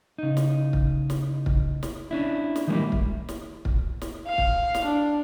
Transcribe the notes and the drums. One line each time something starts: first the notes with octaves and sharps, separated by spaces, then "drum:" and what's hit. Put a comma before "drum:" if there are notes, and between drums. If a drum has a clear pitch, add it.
C#3 D#4
drum: snare
drum: kick
drum: snare
drum: kick
drum: snare
C#4 D4 E4
drum: snare
D#3 E3 G3 G#3 A#3 E4
drum: kick
drum: snare
drum: kick
drum: snare
F5
drum: kick
drum: snare
D4